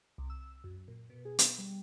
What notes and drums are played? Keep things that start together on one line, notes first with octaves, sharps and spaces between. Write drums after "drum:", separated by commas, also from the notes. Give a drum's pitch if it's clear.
C2
E6
F#2
A#2
B2
G#4
B3, drum: hi-hat
G3